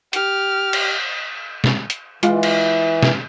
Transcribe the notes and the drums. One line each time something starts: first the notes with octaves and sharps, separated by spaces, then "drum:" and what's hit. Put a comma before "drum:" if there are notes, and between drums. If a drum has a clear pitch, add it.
G4 F6, drum: hi-hat
drum: cymbal
drum: snare
drum: hi-hat
E3 G#3 F4, drum: hi-hat
drum: cymbal
drum: snare